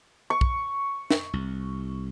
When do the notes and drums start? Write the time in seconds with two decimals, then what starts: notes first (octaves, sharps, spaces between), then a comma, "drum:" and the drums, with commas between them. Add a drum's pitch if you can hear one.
0.30 C#6
0.41 drum: kick
1.10 drum: snare
1.33 C2